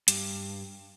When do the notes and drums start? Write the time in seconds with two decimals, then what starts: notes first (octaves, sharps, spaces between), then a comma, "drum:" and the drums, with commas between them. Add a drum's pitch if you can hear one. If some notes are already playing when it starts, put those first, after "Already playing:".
0.08 G2, drum: hi-hat